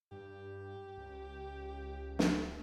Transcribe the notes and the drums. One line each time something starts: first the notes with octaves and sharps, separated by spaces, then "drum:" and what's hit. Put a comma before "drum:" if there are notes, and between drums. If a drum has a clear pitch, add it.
G2 G4
C#2
drum: snare